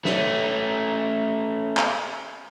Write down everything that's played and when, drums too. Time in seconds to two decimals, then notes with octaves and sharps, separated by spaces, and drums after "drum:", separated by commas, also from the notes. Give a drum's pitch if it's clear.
0.05 A3 C#4, drum: snare
1.77 drum: clap